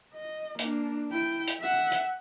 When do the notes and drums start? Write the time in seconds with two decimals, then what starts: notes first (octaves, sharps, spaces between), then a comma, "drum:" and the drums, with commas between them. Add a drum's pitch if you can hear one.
0.14 D#5
0.59 A#3 D4, drum: hi-hat
1.11 E4 G5
1.48 drum: hi-hat
1.61 E5 F#5
1.92 drum: hi-hat